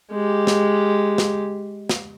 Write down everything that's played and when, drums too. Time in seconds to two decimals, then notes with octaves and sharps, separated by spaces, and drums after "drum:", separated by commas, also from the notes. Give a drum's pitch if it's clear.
0.12 G#3 G4
0.47 drum: snare
1.18 drum: snare
1.89 drum: snare